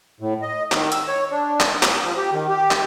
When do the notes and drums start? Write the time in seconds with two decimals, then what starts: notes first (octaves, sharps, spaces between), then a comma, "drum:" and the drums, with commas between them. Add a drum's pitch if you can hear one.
0.20 A2
0.42 D#5
0.72 D#3, drum: clap
0.92 E6, drum: hi-hat
1.08 C#5
1.31 D4
1.60 drum: clap
1.83 D#6, drum: clap
2.04 F3
2.17 G4
2.33 D#3
2.49 G4
2.71 drum: clap